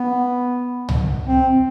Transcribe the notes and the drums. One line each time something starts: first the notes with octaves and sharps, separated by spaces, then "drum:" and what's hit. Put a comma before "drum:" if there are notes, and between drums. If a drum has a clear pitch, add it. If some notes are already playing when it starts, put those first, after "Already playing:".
Already playing: B3
drum: tom C2
C4